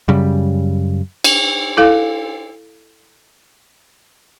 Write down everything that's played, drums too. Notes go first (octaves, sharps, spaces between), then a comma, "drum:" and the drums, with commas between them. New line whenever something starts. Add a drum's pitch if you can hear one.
F#2 C#3 G3
drum: cymbal
E4 A4 F5